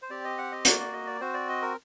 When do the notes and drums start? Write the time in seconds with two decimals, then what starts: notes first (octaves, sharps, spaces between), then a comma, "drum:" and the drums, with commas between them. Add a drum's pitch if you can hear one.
0.02 C5
0.10 C4 G4 D5
0.24 D#5
0.38 F#5
0.52 D#5
0.65 A#3 F#4 D5, drum: hi-hat
0.80 D5
0.93 D#5
1.07 D5
1.20 C4 F#4 C5
1.34 D5
1.49 D#5
1.62 A#4